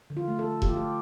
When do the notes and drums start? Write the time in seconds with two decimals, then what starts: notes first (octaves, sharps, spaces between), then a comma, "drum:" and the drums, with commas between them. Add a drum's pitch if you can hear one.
0.10 D3
0.17 F4
0.28 A3
0.39 A4
0.44 A3
0.62 D3 G4, drum: kick E1
0.69 F4
0.76 A3 G4